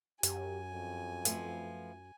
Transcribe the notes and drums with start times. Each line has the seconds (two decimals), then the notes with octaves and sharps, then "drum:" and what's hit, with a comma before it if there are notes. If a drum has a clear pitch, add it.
0.23 F#2 G4 G#5, drum: hi-hat
0.71 F2
1.25 F3 A3 B3, drum: hi-hat